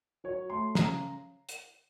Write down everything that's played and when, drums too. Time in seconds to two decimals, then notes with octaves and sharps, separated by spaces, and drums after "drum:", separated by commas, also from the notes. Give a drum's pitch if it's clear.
0.24 F#3 C#5
0.50 A3 C6
0.75 C#3 A#5, drum: snare
1.49 drum: hi-hat